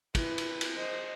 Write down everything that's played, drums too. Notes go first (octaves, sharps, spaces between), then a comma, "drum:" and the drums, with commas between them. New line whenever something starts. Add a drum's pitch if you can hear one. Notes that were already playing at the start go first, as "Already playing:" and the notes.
E4 B4, drum: kick, cymbal
drum: cymbal
drum: cymbal
C5 D#5